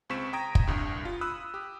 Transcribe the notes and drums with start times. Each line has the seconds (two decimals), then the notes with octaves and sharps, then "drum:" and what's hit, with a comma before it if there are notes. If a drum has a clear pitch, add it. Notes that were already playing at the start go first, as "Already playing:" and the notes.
0.10 C#2 G#3 C4 C#6 B6 E7
0.33 G5 A#5 D#6 G#6 A#6 D7
0.55 drum: kick
0.67 C2 G2
1.05 F4
1.21 B5 D#6 E6 F#6
1.54 G4